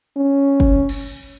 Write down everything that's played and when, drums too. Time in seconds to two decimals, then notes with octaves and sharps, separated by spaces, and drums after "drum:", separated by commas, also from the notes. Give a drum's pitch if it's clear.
0.17 C#4
0.60 drum: kick
0.89 drum: cymbal